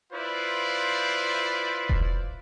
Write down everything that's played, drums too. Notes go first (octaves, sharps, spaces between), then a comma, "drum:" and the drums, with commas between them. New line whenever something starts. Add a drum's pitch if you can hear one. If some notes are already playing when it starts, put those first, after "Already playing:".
E4 F4 B4 C5 D5
drum: kick E1